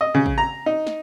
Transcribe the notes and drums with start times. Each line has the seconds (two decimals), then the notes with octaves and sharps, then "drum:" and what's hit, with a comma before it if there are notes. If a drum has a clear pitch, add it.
0.01 D#5
0.14 C#3
0.26 drum: kick A1
0.38 A#5
0.66 D#4
0.87 drum: snare